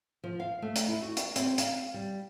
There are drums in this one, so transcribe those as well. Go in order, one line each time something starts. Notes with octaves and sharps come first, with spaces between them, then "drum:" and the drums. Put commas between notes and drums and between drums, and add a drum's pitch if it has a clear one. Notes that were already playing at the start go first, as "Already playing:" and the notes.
F3
F5
A3
drum: hi-hat
E4
F#4
drum: hi-hat
C4, drum: hi-hat
F5, drum: hi-hat
G3